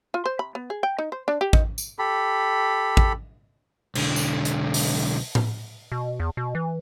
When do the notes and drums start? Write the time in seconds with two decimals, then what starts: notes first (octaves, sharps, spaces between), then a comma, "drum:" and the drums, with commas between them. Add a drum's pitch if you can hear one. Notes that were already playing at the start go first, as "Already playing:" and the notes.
0.14 F4
0.26 C5
0.39 B5
0.55 B3
0.70 G#4
0.83 G5
0.98 D#4
1.12 C5
1.28 D4
1.41 G4
1.53 D#4, drum: kick
1.78 drum: tambourine
1.99 G4 A4 B5
2.97 drum: kick
3.95 B1 D3, drum: cymbal
4.16 drum: tambourine
4.45 drum: hi-hat
4.74 drum: open hi-hat
5.35 drum: tom A2
5.92 B2
6.20 E2
6.37 B2
6.55 E3